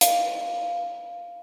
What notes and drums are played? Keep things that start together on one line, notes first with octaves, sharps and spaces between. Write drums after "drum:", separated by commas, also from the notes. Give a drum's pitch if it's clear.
F5, drum: hi-hat